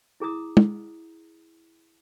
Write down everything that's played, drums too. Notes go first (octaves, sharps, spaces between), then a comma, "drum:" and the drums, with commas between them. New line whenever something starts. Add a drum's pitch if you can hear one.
E4 G#4 A#5 D#6
drum: tom